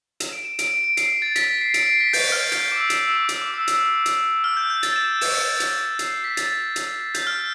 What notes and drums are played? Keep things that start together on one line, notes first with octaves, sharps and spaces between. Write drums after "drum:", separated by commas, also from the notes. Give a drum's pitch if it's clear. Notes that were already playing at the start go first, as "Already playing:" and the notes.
E7, drum: hi-hat
D7
E7
D7, drum: hi-hat
D7
D7
C7, drum: hi-hat
A6
B6, drum: hi-hat
B6
C7
D7, drum: hi-hat
C7
B6
G6, drum: open hi-hat
F6
G6, drum: hi-hat
F6
D6
E6
drum: hi-hat
E6
D6
E6, drum: hi-hat
D6
E6
E6, drum: hi-hat
drum: hi-hat
F6
G6
G6
A6, drum: hi-hat
E7
E7, drum: open hi-hat
drum: hi-hat
C7, drum: hi-hat
C7
B6
A6, drum: hi-hat
drum: hi-hat
G6, drum: hi-hat
F6